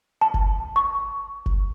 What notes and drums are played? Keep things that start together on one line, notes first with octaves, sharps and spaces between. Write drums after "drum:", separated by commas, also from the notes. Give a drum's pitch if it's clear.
A5
drum: kick F#1
C#6
drum: kick F#1